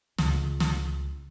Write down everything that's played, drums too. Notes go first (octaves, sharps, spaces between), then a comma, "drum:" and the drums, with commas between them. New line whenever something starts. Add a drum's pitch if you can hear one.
C#2, drum: snare
drum: snare